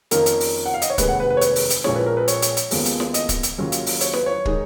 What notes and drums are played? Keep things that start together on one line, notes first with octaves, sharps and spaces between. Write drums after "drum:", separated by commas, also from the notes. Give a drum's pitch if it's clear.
F2 D#3 A#3 C#4 F4 A#4, drum: hi-hat
drum: hi-hat
drum: open hi-hat
F#5
F5
D#5, drum: hi-hat
C#5
F1 D#2 D#3 G#3 B4, drum: kick, hi-hat
F#5
B4
B4
C#5
B4, drum: hi-hat
drum: open hi-hat
drum: hi-hat
A#1 A#2 F3 G#3 C#4 C#5, drum: snare
B4
A#4
B4
C#5, drum: hi-hat
drum: hi-hat
drum: hi-hat
D#2 C#3 F3 G#3 B3, drum: open hi-hat
drum: hi-hat
drum: snare
D#5, drum: hi-hat
drum: kick, hi-hat
drum: hi-hat
D#2 C#3 F#3 C#4 F4
drum: hi-hat
drum: open hi-hat
C#5, drum: hi-hat
B4, drum: snare
C#5
D#3 G#3 D#4, drum: kick